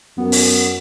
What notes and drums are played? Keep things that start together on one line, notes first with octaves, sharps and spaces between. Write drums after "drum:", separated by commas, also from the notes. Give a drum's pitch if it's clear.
F#2 B3
drum: open hi-hat